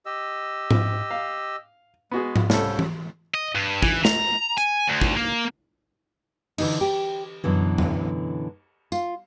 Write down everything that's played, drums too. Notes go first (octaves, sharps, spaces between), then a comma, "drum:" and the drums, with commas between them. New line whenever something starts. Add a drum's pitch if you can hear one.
G4 D#5 E6
drum: tom G#2
F5
G#3 B3 F#4 G#4
drum: tom G#2
C2 C#3 C#4 A4 G6, drum: snare
drum: tom E3
D#5
G2
E3, drum: kick
A#5, drum: snare
G#5, drum: hi-hat
D2
drum: kick
A#3
D3 E3 D#4, drum: cymbal
G4
F#2 B2 D3 E3
drum: tom E2
F4, drum: tambourine